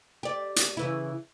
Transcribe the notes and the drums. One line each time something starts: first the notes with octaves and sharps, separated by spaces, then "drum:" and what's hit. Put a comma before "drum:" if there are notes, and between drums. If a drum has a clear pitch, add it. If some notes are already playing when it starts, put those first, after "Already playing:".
G4 D5
drum: hi-hat
C#3 E3 E4